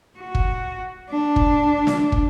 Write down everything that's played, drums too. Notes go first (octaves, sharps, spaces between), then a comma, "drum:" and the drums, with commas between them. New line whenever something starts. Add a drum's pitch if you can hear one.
F#4
drum: kick
D4
drum: kick
drum: snare
drum: kick